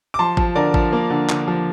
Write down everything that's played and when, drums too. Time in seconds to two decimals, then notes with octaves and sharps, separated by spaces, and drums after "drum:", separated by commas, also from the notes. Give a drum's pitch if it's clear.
0.14 D6
0.19 F3 A5 C6
0.37 F3, drum: kick G#1
0.55 D3 A#4 D5
0.74 F3, drum: kick G#1
0.93 A#3
1.10 D3
1.29 D3, drum: clap
1.48 F3